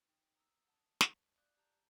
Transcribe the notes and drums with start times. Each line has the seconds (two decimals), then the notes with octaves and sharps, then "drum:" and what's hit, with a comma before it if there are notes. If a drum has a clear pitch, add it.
0.08 D#4 G5 D#6
0.36 A#5 D#6 E6
0.68 F#5 A5 D#6
1.01 drum: snare
1.37 D5 F5 D6 D#6 F#6 G6
1.57 G4 A5 A#5 G6